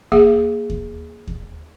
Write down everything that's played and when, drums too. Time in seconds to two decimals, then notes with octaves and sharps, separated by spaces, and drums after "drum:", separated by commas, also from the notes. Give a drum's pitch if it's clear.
0.12 A#3 G#4 F#5, drum: kick D#2
0.70 drum: kick D#2
1.27 drum: kick D#2